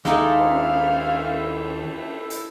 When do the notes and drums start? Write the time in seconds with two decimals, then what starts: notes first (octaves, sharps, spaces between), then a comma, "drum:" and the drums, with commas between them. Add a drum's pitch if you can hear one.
0.05 D#2 G#3 D#4 E4 A4 F5, drum: snare
0.39 drum: cymbal
2.30 drum: hi-hat